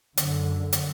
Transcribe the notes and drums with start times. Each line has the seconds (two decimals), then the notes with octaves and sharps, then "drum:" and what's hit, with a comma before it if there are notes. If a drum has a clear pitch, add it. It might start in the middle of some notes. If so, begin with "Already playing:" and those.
0.17 F#2 D3, drum: hi-hat
0.73 drum: hi-hat